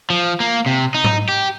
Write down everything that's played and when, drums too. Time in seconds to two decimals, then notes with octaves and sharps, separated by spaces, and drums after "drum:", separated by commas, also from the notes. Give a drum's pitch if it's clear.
0.10 F3
0.40 A#3
0.66 C3
0.95 D#4
1.04 drum: tom G#2
1.29 G4